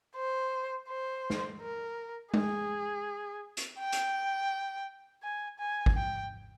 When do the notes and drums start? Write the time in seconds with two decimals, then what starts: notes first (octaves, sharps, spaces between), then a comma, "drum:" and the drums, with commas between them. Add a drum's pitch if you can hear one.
0.17 C5
0.89 C5
1.30 drum: snare
1.61 A#4
2.34 G#4, drum: tom G#3
3.57 drum: hi-hat
3.79 G5
3.92 drum: hi-hat
5.23 G#5
5.59 G#5
5.86 drum: kick
5.96 G5